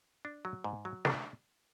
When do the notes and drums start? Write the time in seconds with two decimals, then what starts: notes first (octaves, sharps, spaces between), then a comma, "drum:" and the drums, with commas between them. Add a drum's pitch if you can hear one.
0.25 D4
0.45 F#3
0.64 G#2
0.85 F#3
1.05 D4, drum: snare